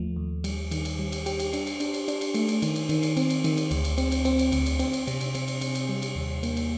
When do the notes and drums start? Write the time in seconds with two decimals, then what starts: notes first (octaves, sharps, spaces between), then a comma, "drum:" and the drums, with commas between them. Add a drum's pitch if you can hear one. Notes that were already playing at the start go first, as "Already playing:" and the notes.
Already playing: D#2 F3 A3
0.16 D#2
0.44 G3, drum: cymbal
0.71 D#3, drum: cymbal
0.85 drum: cymbal
0.99 G3
1.12 drum: cymbal
1.26 G4, drum: cymbal
1.40 drum: cymbal
1.53 D4, drum: cymbal
1.67 drum: cymbal
1.80 D4, drum: cymbal
1.94 drum: cymbal
2.08 D4, drum: cymbal
2.21 drum: cymbal
2.34 A3, drum: cymbal
2.48 drum: cymbal
2.62 D#3, drum: cymbal
2.76 drum: cymbal
2.89 D#3, drum: cymbal
3.03 drum: cymbal
3.17 C4, drum: cymbal
3.30 drum: cymbal
3.44 D#3, drum: cymbal
3.57 drum: cymbal
3.71 D2, drum: cymbal
3.85 drum: cymbal
3.98 C4, drum: cymbal
4.12 drum: cymbal
4.25 C4, drum: cymbal
4.39 drum: cymbal
4.52 D2, drum: cymbal
4.66 drum: cymbal
4.79 C4, drum: cymbal
4.93 drum: cymbal
5.07 C3, drum: cymbal
5.21 drum: cymbal
5.35 C3, drum: cymbal
5.48 drum: cymbal
5.61 C3, drum: cymbal
5.75 drum: cymbal
5.89 G3
6.02 drum: cymbal
6.15 D#2
6.43 A#3, drum: cymbal
6.57 drum: cymbal